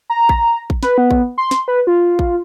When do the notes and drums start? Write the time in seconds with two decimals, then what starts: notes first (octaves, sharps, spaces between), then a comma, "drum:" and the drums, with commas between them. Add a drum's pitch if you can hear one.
0.10 A#5
0.29 drum: kick A1
0.70 drum: kick A1
0.83 B4, drum: snare
0.98 B3
1.11 drum: kick A1
1.38 C6
1.51 drum: snare
1.68 B4
1.87 F4
2.19 drum: kick A1